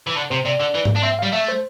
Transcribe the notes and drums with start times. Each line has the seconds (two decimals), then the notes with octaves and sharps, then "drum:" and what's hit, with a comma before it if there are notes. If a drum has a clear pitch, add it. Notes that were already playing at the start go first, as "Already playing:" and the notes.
0.07 E3
0.16 D3
0.30 C3 C5
0.45 C3 D5
0.60 D3
0.75 E3
0.85 drum: tom G#2
0.96 D4
1.03 C4 E5
1.19 G3 F5
1.33 A3 E5
1.48 C5